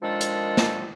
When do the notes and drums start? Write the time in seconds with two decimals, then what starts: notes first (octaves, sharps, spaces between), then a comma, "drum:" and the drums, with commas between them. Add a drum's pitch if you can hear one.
0.02 A#2 D#3 F3 G#3 D4 A4
0.21 drum: hi-hat
0.57 drum: snare